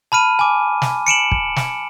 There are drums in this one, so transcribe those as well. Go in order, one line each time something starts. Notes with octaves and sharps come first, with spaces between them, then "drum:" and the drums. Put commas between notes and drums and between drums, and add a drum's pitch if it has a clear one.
A5 B5 F6 D#7
G#5 D6
drum: snare
C#7 D7 E7 F#7
drum: kick
drum: snare